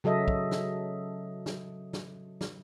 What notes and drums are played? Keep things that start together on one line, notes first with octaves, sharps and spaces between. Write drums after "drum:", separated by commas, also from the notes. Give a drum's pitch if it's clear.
C#3 F#3 A4 D#5 E5
drum: kick
drum: snare
drum: snare
drum: snare
drum: snare